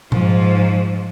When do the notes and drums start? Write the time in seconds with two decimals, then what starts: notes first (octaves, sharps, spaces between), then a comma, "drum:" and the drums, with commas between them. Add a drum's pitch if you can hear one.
0.12 G#2 F3, drum: tom A#2